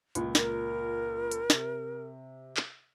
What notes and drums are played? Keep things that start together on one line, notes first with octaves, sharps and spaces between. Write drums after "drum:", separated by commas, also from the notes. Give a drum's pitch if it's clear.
C#2 A#2, drum: hi-hat
A#4, drum: snare
drum: hi-hat
C3, drum: snare
drum: clap